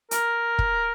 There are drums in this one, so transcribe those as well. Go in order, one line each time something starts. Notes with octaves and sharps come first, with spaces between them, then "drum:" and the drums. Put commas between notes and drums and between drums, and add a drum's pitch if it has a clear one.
A#4, drum: hi-hat
drum: kick